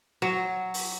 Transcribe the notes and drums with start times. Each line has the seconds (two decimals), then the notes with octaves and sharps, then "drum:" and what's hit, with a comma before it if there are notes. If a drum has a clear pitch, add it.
0.22 F#3
0.74 drum: open hi-hat